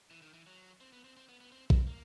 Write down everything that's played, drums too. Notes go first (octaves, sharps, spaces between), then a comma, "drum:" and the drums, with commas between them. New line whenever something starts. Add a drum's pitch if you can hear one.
E3
D#3
E3
F#3
C4
B3
C4
C4
B3
B3
C4
C4, drum: kick
A#3